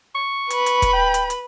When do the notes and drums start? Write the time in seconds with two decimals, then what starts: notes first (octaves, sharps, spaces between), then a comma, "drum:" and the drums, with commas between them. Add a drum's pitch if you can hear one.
0.15 C#6
0.50 B4 B5, drum: hi-hat
0.66 drum: hi-hat
0.82 drum: kick, hi-hat
0.93 G5
1.14 drum: hi-hat
1.30 drum: hi-hat